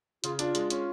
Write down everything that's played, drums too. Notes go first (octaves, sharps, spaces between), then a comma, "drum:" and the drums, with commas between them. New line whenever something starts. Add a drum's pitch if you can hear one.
C#3 F4, drum: hi-hat
D4 F4, drum: hi-hat
G#3, drum: hi-hat
C#4, drum: hi-hat